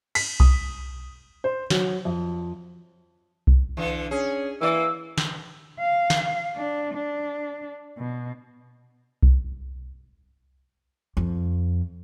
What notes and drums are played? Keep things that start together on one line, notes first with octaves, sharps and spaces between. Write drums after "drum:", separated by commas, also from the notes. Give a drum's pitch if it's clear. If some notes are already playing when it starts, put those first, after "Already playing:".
B6, drum: cymbal
D#6, drum: kick B1
C5
F#3, drum: snare
F2
drum: kick B1
D3 E3
C#4 G#4
E3 A#3 D5 E6
drum: snare
F5
drum: snare
D4
D4
B2
drum: kick B1
F2